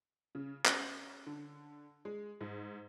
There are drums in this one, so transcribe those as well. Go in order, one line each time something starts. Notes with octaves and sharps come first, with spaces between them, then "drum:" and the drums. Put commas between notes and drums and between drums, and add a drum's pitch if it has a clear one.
C#3
C#4, drum: clap
D3
G#3
G#2